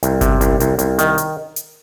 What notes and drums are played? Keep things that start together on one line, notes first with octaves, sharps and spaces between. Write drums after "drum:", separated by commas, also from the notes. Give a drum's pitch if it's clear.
C2, drum: hi-hat
C3, drum: kick G1, hi-hat
C2, drum: hi-hat
C2, drum: hi-hat
C2, drum: hi-hat
D#3, drum: hi-hat
drum: hi-hat
drum: hi-hat